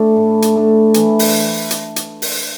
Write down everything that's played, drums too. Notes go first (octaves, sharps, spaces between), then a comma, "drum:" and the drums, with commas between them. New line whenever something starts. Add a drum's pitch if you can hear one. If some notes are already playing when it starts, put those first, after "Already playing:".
Already playing: A3 D4
A2
drum: hi-hat
A3 D4
E3, drum: hi-hat
drum: open hi-hat
drum: hi-hat
drum: hi-hat
drum: open hi-hat